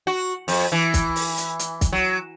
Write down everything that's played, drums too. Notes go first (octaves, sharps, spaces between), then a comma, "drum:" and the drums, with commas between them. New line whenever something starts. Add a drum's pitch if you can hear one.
F#4
F2, drum: open hi-hat
E3
drum: kick, hi-hat
drum: open hi-hat
drum: hi-hat
drum: hi-hat
drum: kick, hi-hat
F#3